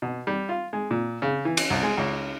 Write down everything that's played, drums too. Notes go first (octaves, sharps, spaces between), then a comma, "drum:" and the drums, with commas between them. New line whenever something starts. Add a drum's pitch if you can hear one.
B2
G3
F4
G#3
A#2
C#3
E3
drum: cymbal
C2
G#3
C#2